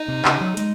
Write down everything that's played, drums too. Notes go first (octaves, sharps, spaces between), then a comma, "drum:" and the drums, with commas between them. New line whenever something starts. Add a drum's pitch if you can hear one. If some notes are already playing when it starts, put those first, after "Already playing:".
Already playing: D#4
C3
C#3, drum: clap
F#3
G#3, drum: hi-hat